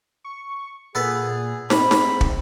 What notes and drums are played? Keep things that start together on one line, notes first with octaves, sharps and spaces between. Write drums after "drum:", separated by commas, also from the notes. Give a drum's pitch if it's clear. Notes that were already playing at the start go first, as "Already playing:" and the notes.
C#6
A#2 B3 G#4 A4 B4
G#2 C4 B5, drum: snare
drum: snare
drum: kick